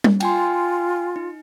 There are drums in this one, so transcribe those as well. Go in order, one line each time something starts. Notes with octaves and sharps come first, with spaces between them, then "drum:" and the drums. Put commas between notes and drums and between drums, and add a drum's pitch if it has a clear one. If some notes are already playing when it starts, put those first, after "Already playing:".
drum: tom G3
F4 G5 G#5 C6, drum: cymbal
D#4